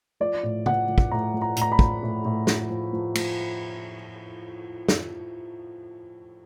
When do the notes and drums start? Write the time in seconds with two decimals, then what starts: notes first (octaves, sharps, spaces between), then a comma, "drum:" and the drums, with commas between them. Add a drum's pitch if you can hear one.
0.20 F3 D5
0.43 A2
0.66 F3 F#5, drum: tom C#3
0.88 F3
0.98 drum: kick
1.11 A2 A#5
1.34 F3
1.42 A#5
1.57 A2 A#5, drum: hi-hat
1.72 B5
1.79 F3, drum: kick
2.03 A2
2.25 A2
2.47 F3, drum: snare
2.70 F3
2.93 F3
3.15 F3, drum: cymbal
4.89 drum: snare